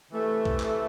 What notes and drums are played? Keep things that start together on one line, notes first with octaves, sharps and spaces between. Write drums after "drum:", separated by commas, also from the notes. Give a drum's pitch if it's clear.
C3 E3 A3
drum: kick B1
drum: clap